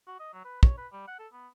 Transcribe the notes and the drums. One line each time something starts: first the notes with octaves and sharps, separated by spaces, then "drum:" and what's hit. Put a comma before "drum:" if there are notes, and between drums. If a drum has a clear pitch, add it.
F#4
D#5
F#3
B4
C#5, drum: kick
B4
G3
F#5
A4
B3